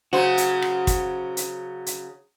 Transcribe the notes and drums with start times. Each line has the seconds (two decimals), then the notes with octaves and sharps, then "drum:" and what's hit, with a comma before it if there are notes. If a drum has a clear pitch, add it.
0.13 C#3 F#3 F#4 C5
0.38 drum: hi-hat
0.62 drum: rim click
0.87 drum: kick, hi-hat
1.37 drum: hi-hat
1.86 drum: hi-hat